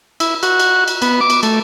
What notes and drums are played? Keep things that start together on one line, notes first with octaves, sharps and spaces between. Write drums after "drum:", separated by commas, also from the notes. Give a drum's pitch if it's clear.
E4, drum: cymbal
F#4, drum: cymbal
drum: cymbal
drum: cymbal
B3, drum: cymbal
D6
drum: cymbal
A3, drum: cymbal